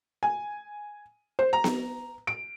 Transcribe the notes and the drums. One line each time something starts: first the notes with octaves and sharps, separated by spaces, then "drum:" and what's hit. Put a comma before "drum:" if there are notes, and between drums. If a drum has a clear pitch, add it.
G#5
C5
A#5
drum: snare B3
D7